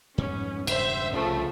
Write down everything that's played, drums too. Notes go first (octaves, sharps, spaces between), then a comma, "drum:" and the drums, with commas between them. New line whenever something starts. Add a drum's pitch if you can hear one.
F2 G#2 G3 B3 C#4
E1 G2 C#3 C5 E5, drum: cymbal
C2 C#3 F3 A3